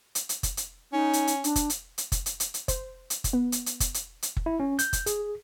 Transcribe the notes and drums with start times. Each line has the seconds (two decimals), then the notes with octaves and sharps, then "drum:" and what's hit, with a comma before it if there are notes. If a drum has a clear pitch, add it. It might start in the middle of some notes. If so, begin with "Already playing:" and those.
0.15 drum: hi-hat
0.29 drum: hi-hat
0.43 drum: kick F#1, hi-hat
0.57 drum: hi-hat
0.93 C#4 D#4
1.13 drum: hi-hat
1.27 drum: hi-hat
1.44 D4, drum: hi-hat
1.56 drum: kick F#1, hi-hat
1.70 drum: hi-hat
1.98 drum: hi-hat
2.12 drum: kick F#1, hi-hat
2.26 drum: hi-hat
2.40 drum: hi-hat
2.54 drum: hi-hat
2.68 C5, drum: kick F#1, hi-hat
3.10 drum: hi-hat
3.24 drum: kick F#1, hi-hat
3.33 B3
3.52 drum: hi-hat
3.66 drum: hi-hat
3.80 drum: kick F#1, hi-hat
3.94 drum: hi-hat
4.22 drum: hi-hat
4.37 drum: kick F#1
4.46 E4
4.60 C#4
4.79 G6, drum: hi-hat
4.93 drum: kick F#1, hi-hat
5.06 G#4, drum: hi-hat